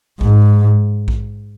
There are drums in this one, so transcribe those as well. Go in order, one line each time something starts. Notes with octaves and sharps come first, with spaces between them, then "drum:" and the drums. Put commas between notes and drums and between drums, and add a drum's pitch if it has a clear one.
G#2, drum: kick A#1
drum: kick A#1